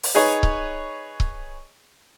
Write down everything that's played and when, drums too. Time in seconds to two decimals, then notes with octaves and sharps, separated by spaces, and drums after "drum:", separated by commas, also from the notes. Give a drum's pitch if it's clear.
0.03 drum: open hi-hat
0.15 D#4 G#4 B4 C#5
0.43 drum: kick C#1
1.20 drum: kick C#1